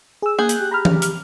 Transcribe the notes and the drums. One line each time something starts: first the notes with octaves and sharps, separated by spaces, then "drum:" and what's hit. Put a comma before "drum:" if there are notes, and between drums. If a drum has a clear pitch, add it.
G#4 E6
A#3 G#4 F#6 G6
drum: hi-hat
G4
A#5 B5 F6
drum: tom E3
F6, drum: hi-hat